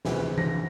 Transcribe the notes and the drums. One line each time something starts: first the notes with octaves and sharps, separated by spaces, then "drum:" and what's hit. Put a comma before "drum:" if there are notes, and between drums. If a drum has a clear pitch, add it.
D2 C3 E3 G#3 C4, drum: snare
A#6, drum: tom E3
D3